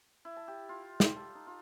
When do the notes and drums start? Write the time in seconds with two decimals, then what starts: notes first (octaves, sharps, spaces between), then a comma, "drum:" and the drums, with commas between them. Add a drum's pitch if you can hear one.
0.25 E4
0.36 A5
0.48 G4
0.69 F4
1.00 G3, drum: snare
1.16 A4
1.35 D#4
1.47 F4